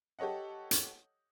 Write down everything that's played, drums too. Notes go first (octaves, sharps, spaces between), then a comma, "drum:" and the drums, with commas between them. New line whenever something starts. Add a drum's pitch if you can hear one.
G4 A4 C#5 D#5 F#5
drum: hi-hat